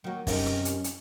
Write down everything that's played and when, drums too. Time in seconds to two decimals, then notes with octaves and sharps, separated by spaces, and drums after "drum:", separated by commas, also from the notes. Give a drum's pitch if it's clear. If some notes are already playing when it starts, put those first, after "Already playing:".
0.04 D#3 F#3 A#3
0.27 F#2 C3 D#3 C#4 D#4, drum: kick, open hi-hat
0.46 drum: rim click
0.65 drum: hi-hat
0.84 drum: hi-hat